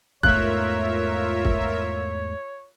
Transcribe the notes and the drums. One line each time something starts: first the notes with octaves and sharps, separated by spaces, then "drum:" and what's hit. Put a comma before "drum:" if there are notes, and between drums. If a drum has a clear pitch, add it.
E2 G#2 A3 F4 A#4 C#5 E5 F#6, drum: kick
drum: kick